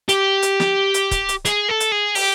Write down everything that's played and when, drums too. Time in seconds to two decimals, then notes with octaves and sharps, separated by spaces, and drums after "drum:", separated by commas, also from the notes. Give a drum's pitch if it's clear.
0.09 G4, drum: hi-hat
0.42 drum: hi-hat
0.60 drum: snare
0.94 drum: hi-hat
1.11 drum: kick, hi-hat
1.29 drum: hi-hat
1.45 G#4, drum: hi-hat
1.69 A4
1.80 drum: hi-hat
1.92 G#4
2.15 G4, drum: open hi-hat